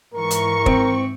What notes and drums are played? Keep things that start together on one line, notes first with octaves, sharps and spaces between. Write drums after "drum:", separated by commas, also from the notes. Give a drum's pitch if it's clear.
G#2 E3 A#4 C#6
drum: hi-hat
C4, drum: kick